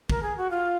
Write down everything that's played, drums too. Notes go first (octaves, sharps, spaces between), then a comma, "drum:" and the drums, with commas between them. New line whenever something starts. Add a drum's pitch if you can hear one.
A#4, drum: kick
G#4
F#4
F4